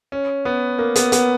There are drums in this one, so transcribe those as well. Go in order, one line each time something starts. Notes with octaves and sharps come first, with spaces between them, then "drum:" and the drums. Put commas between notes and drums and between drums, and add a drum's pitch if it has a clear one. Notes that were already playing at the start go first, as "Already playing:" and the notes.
C#4
B3
A#3
B3, drum: hi-hat
B3, drum: hi-hat